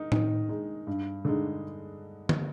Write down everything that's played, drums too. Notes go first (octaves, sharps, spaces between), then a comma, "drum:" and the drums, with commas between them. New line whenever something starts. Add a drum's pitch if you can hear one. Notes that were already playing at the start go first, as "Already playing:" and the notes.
Already playing: D#3 D#4
D#3, drum: tom A2
G#3 D#4
G2
D3 G#3 D#4
drum: tom D3